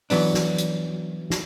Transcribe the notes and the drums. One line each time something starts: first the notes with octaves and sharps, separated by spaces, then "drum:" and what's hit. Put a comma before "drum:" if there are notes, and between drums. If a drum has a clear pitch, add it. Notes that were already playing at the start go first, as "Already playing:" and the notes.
E3 F#3 B3 D4, drum: open hi-hat
drum: snare
drum: hi-hat
drum: snare